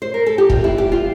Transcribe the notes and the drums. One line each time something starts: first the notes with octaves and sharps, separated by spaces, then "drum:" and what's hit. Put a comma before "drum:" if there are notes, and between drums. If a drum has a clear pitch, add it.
C5
A#4
A4
G4
E2 C3 G3 F4, drum: kick
E4
G4
F4